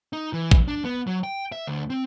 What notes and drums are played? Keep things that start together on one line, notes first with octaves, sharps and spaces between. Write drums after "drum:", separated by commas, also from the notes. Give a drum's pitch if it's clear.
D#4
E3
drum: kick
D4
B3
F#3
G5
E5
D2
C4